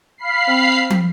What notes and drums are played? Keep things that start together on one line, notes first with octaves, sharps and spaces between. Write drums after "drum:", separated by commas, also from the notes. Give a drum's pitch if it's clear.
F5 B5 C7
C4
drum: tom